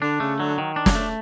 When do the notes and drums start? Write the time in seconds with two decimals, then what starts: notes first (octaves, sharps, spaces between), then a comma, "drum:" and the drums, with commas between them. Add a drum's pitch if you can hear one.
0.01 D3 D4
0.20 C#3 A3
0.39 D3 F#3
0.58 D#3
0.76 D4
0.86 drum: snare
0.95 A3